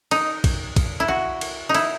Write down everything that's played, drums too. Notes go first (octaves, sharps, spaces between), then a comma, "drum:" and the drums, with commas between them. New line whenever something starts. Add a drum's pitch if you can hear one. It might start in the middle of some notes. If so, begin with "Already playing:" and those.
D#4, drum: cymbal
drum: kick, cymbal
drum: kick, cymbal
E4
F#4
drum: cymbal
D#4
E4, drum: cymbal